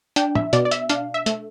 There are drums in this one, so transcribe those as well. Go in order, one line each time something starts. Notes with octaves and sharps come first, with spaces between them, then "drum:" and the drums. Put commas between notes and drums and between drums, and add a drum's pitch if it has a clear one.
D4 G5, drum: hi-hat
E5, drum: tom
B2 D5, drum: hi-hat
D5
E5, drum: hi-hat
D4 F5, drum: hi-hat
E5
A3, drum: hi-hat